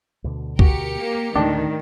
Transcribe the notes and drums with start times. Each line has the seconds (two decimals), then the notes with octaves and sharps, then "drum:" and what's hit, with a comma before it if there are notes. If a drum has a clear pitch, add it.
0.24 D2 B2 D3
0.59 F#4 G4 A#4 C#7, drum: kick
0.98 A#3
1.35 D2 A2 D3 D#3 D4 G5